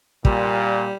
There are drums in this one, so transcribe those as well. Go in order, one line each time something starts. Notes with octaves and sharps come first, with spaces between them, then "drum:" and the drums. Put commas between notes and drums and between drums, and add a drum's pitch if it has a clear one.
A#2 G3, drum: kick